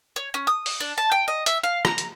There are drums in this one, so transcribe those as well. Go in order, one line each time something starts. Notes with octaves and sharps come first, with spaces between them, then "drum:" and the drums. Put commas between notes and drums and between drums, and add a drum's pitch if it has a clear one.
C#5
C#4
D#6
drum: open hi-hat
D4
A5
G5
D#5
E5, drum: hi-hat
F5
A#5, drum: rim click
drum: hi-hat